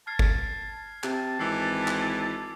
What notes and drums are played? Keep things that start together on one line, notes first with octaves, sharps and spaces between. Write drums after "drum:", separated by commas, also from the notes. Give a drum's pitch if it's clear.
A5 F6 G#6 C7
drum: kick G1
C3 A5, drum: clap
G#1 E3 D6 E6 C7
drum: clap